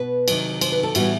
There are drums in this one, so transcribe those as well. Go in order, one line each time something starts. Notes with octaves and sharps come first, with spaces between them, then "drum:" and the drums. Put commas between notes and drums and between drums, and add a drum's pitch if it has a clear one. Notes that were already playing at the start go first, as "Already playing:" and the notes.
Already playing: B2 B3 B4
C3 D#3 F#3, drum: cymbal
C5, drum: cymbal
B4
A4
A2 E3 G3 B3 F#4, drum: cymbal